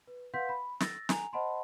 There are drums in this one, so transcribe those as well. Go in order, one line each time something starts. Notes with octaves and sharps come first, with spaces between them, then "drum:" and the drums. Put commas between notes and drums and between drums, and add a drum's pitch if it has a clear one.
B4
B4 F5 F#5 C6 G6 B6
B5
E6 A6 A#6, drum: snare
G#5 A#5 F7, drum: snare
C5 D#5 F#5 A5 B5 C6